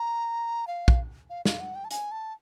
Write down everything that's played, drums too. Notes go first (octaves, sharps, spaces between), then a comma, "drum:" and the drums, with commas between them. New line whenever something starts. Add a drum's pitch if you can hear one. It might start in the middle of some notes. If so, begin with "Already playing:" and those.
Already playing: A#5
F5
drum: kick
F5
F5, drum: snare
F#5
G5
A5
G#5, drum: hi-hat
A5